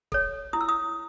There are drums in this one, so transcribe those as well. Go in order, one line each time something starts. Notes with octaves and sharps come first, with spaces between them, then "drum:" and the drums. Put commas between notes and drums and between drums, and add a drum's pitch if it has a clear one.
A4 C#5, drum: kick
E4 D#6
E6
D#6